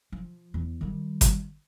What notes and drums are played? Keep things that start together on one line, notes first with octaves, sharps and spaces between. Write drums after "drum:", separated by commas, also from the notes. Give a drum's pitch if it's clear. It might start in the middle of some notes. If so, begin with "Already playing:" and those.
F3
E2
D#3 G3
drum: kick G#1, hi-hat